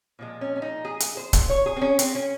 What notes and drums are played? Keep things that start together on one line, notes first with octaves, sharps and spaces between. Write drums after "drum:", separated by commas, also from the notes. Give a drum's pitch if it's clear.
A#2 F3 G#3
C#4
C#4
D#4
G#4
drum: hi-hat
C5
drum: kick C#1, hi-hat
C#5
G#4
C4
C#4
C4, drum: hi-hat
C#4